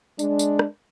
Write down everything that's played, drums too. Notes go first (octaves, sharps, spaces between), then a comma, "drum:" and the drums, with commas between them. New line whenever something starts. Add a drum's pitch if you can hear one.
G#3 D4, drum: tambourine
drum: tambourine
drum: rim click